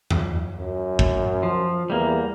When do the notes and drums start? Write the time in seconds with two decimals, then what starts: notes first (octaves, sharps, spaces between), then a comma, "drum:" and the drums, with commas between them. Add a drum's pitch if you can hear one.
0.11 drum: tom E2
0.60 F#2
0.99 drum: kick
1.43 F3
1.90 E2 G3 A#3